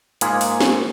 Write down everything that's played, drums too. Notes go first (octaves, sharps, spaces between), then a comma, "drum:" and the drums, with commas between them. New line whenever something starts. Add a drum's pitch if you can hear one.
G#2 G#3 A#3 F4 G#4 G#5, drum: hi-hat
drum: open hi-hat
drum: snare